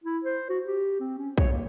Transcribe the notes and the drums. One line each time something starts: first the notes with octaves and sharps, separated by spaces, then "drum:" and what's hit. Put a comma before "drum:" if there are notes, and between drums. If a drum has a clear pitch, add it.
E4
C5
F#4
G4
C4
C#4
C#5, drum: kick B1
A#3